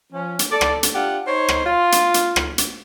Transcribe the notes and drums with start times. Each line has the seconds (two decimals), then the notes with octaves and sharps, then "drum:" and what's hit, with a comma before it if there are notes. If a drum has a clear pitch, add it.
0.12 F3 C#4
0.39 drum: hi-hat
0.51 A4 D5
0.61 drum: rim click
0.83 drum: hi-hat
0.93 D4 F4 G4 F#5
1.27 D#4 C5 C#5
1.49 drum: rim click
1.64 F4
1.92 drum: hi-hat
2.14 drum: hi-hat
2.36 drum: rim click
2.58 drum: hi-hat